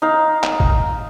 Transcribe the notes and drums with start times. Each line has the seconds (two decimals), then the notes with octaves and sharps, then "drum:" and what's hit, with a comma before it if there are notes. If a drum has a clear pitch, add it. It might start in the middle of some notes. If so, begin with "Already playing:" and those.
0.02 D#4 F5
0.44 drum: clap
0.60 drum: kick